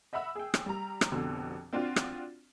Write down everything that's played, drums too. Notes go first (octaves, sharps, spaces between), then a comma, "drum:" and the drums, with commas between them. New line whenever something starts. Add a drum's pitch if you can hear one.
D#5 E5 F#5 B5 E6
G#4 G5
drum: rim click
G3 A#5
drum: rim click
F1 A#1 B2 D3
C4 D4 F4 F#4
drum: rim click